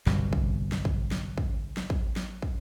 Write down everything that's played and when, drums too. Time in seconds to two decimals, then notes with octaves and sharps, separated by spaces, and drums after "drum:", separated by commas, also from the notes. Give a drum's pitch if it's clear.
0.06 G1 C2 G2 B2, drum: snare
0.33 drum: kick
0.72 drum: snare
0.85 drum: kick
1.11 drum: snare
1.38 drum: kick
1.77 drum: snare
1.90 drum: kick
2.16 drum: snare
2.42 drum: kick